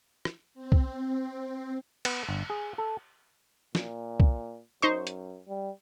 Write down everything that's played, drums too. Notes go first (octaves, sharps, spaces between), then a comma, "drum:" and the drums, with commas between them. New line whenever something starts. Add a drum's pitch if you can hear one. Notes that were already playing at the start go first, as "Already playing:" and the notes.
drum: rim click
C4
drum: kick
B3, drum: cymbal
G1
G#4
A4
A#2, drum: snare
drum: kick
F#2 D#4 C5 C#6
drum: hi-hat
G3